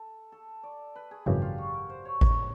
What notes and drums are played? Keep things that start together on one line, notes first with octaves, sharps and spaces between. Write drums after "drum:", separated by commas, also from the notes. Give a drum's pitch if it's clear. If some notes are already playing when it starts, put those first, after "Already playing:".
Already playing: A4
A4
D5
B4
G#4
G#1 F#2 C#3 E3 G4
F4
F#4
A#4
C5
C#5
C#5, drum: kick G#1